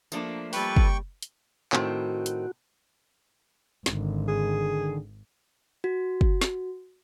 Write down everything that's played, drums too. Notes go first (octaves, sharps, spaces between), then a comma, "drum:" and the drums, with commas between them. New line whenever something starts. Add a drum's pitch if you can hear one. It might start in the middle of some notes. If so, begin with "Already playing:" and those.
F3 A3 A#3 D4, drum: tambourine
G3 A#3 A4 B4 G5 C#6, drum: open hi-hat
drum: kick
drum: hi-hat
A2 D#3 C4 F#4, drum: clap
drum: hi-hat
G#1 D3 D#3, drum: snare
G#4
F#4
drum: kick
drum: snare